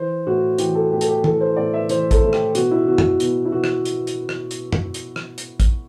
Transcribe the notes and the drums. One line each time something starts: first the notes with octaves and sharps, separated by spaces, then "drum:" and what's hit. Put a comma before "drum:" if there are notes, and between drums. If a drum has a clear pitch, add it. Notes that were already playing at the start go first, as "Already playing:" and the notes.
Already playing: E3 C5
A2 F#4
E3 G4, drum: hi-hat
A4
A2 G4
A4, drum: hi-hat
G4
E3 A4, drum: tom
C5
A2 D5
E5
E3 C5, drum: hi-hat
A4, drum: kick, hi-hat
A2
G4, drum: rim click
B2 F#4, drum: hi-hat
E4
B2 F#4
drum: tom
B2, drum: hi-hat
E4
B2 F#4
drum: rim click
drum: hi-hat
drum: hi-hat
drum: rim click
drum: hi-hat
drum: tom
drum: hi-hat
drum: rim click
drum: hi-hat
drum: kick, hi-hat